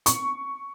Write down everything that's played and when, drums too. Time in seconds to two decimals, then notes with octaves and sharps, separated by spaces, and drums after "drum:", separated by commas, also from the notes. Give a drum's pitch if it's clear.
0.06 C#6, drum: hi-hat